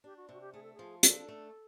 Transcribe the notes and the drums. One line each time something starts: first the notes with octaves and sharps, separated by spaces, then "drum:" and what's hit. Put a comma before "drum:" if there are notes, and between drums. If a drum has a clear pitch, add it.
D4 G4
F#4
C3 F#4
G4
A3 G#4
A4
G#4
F3
D4 A4, drum: hi-hat
A3